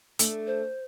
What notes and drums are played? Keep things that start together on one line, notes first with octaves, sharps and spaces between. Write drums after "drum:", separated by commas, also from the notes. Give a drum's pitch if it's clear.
A3 D4, drum: hi-hat
C5